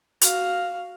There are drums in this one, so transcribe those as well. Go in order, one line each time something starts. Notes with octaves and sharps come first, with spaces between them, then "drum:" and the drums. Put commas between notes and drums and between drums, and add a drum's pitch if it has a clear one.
F#4 F5, drum: hi-hat